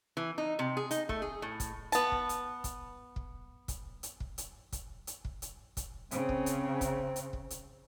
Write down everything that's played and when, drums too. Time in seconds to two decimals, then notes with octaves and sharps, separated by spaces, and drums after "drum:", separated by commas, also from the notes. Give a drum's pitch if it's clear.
0.17 E3
0.38 D#4
0.59 C3
0.77 G#4
0.91 D#4, drum: hi-hat
1.09 A3, drum: kick
1.22 G#4
1.42 A2
1.60 drum: kick, hi-hat
1.92 B3 A5, drum: hi-hat
2.12 drum: kick
2.29 drum: hi-hat
2.64 drum: kick, hi-hat
3.16 drum: kick
3.68 drum: kick, hi-hat
4.03 drum: hi-hat
4.20 drum: kick
4.38 drum: hi-hat
4.72 drum: kick, hi-hat
5.07 drum: hi-hat
5.25 drum: kick
5.42 drum: hi-hat
5.77 drum: kick, hi-hat
6.11 C#3 C4, drum: hi-hat
6.29 drum: kick
6.46 drum: hi-hat
6.81 drum: kick, hi-hat
7.16 drum: hi-hat
7.33 drum: kick
7.50 drum: hi-hat